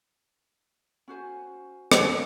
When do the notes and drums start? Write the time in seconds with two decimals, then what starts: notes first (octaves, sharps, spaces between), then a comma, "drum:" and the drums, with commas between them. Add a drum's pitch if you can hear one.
1.08 C#4 F#4 C5 G#5
1.92 drum: rim click